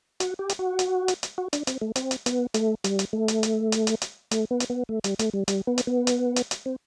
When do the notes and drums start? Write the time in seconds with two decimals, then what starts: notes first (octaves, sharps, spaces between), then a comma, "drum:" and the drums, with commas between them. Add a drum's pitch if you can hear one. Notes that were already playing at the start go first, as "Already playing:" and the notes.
0.20 F#4, drum: hi-hat
0.39 G4
0.49 drum: hi-hat
0.59 F#4
0.79 drum: hi-hat
1.08 drum: hi-hat
1.23 drum: hi-hat
1.38 F#4
1.53 D4, drum: hi-hat
1.67 C4, drum: hi-hat
1.81 A3
1.96 C4, drum: hi-hat
2.11 drum: hi-hat
2.26 B3, drum: hi-hat
2.54 A3, drum: hi-hat
2.84 G3, drum: hi-hat
2.99 drum: hi-hat
3.13 A3
3.28 drum: hi-hat
3.43 drum: hi-hat
3.72 drum: hi-hat
3.87 drum: hi-hat
4.02 drum: hi-hat
4.31 A3, drum: hi-hat
4.51 B3
4.60 drum: hi-hat
4.70 B3
4.89 A3
5.04 G3, drum: hi-hat
5.19 A3, drum: hi-hat
5.33 G3
5.48 G3, drum: hi-hat
5.67 B3
5.78 drum: hi-hat
5.87 B3
6.07 drum: hi-hat
6.36 drum: hi-hat
6.51 drum: hi-hat
6.66 C4